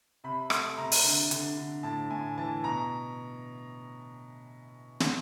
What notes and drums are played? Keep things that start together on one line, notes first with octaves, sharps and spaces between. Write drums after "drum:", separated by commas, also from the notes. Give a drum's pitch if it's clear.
C3 B5
A3 C6, drum: rim click
C3 A#5
drum: open hi-hat
D3
D3, drum: hi-hat
D3
A2 A5
A2 G#5
E3 A5
B2 A#5
drum: snare